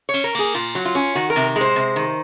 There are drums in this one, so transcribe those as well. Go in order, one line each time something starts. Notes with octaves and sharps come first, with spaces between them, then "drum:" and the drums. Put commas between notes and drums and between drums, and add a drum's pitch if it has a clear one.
C#5
C#4, drum: cymbal
A#4
A#3 G#4, drum: cymbal
A#2 F4
F#3
F4
C#4
D#3 F#4
A#4
C3, drum: cymbal
G#3
C5
C3
D#3